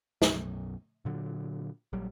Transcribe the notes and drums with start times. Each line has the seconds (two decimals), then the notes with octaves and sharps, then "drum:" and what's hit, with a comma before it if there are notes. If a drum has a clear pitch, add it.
0.22 B1 F#2, drum: snare
1.05 A#2 D3 F#3
1.93 A#1 F#3 G3